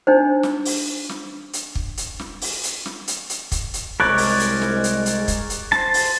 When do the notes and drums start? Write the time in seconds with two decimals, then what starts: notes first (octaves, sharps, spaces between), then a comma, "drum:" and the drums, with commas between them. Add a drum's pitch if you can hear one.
0.07 D4 D#4 C5
0.43 drum: snare
0.65 drum: open hi-hat
1.09 drum: snare
1.53 drum: hi-hat
1.75 drum: kick
1.97 drum: hi-hat
2.19 drum: snare
2.41 drum: open hi-hat
2.64 drum: hi-hat
2.86 drum: snare
3.08 drum: hi-hat
3.30 drum: hi-hat
3.52 drum: kick, hi-hat
3.74 drum: hi-hat
4.00 C2 G#3 A#4 C#5 D5 F#6
4.18 drum: open hi-hat
4.40 drum: hi-hat
4.62 drum: snare
4.84 drum: hi-hat
5.06 drum: hi-hat
5.28 drum: kick, hi-hat
5.50 drum: hi-hat
5.72 C5 A5, drum: snare
5.94 drum: open hi-hat